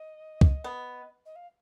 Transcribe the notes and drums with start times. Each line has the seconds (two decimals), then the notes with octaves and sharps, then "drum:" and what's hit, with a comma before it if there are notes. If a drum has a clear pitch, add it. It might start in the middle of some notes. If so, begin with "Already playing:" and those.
Already playing: D#5
0.41 drum: kick
0.64 B3
1.25 D#5
1.35 F5